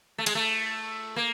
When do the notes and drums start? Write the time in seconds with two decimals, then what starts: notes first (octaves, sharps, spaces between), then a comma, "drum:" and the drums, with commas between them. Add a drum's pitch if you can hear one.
0.18 A3
0.26 G#3, drum: cymbal
0.35 A3
1.16 A#3